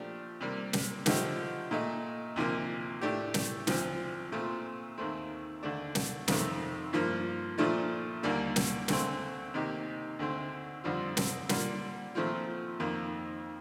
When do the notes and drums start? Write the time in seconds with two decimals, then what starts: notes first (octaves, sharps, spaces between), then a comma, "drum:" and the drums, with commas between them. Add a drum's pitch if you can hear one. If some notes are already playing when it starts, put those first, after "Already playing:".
Already playing: A#2 F3 A3 D4 G4
0.41 C3 G3 A#3
0.73 drum: snare
1.06 D3 F3 A3 D#4 G4, drum: snare
1.71 A#2 A3 D#4
2.36 D2 C3 F3 A#3
3.01 A2 A3 D4 G4
3.34 drum: snare
3.67 D2 C3 F3, drum: snare
4.32 A#2 A3 C4 F4
4.98 D#2 D#3 A3 C4
5.63 D#2 D3 A3 D4
5.95 drum: snare
6.28 F2 C3 D#3 A3, drum: snare
6.93 G2 F3 A#3
7.58 A#2 F3 A3 D4 F4
8.23 D#2 D3 G3 A#3
8.56 drum: snare
8.88 D2 D3 A3 C4, drum: snare
9.54 C3 D#3 A#3 D#4 G4
10.19 D2 D3 A3 C4
10.84 F2 D3 G3 C4 F4
11.17 drum: snare
11.49 D3 G3 A#3 F4, drum: snare
12.15 A#2 F3 A3 C4 F4
12.80 F2 D#3 A#3